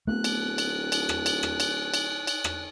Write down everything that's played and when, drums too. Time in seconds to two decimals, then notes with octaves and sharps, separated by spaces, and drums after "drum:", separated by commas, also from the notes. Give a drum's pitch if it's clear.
0.07 D1 A3 B3 C4 F#6
0.24 drum: cymbal
0.58 drum: cymbal
0.92 drum: cymbal
1.09 drum: rim click
1.26 drum: cymbal
1.43 drum: rim click
1.60 drum: cymbal
1.94 drum: cymbal
2.27 drum: cymbal
2.44 drum: rim click